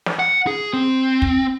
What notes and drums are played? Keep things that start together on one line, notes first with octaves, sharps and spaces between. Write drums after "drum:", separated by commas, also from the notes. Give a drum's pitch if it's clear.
drum: snare
F#5
G#4
C4
drum: kick